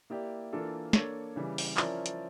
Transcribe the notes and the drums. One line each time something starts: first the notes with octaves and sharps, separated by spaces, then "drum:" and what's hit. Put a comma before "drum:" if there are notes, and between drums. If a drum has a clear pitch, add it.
A#3 E4 G4 D5
E3 A#3 D4 F4 A4
A#3 D4 A4 C#5, drum: snare
C#3 E3 G3
drum: open hi-hat
F3 C#4 E4 A#4 D5, drum: clap
drum: hi-hat